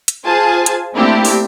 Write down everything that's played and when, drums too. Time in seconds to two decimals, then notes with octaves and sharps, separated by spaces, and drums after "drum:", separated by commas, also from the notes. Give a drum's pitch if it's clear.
0.08 drum: hi-hat
0.25 F4 G#4 C5 G#5 A5
0.66 drum: hi-hat
0.96 A3 A#3 C4 D4 E4 G4
1.25 drum: open hi-hat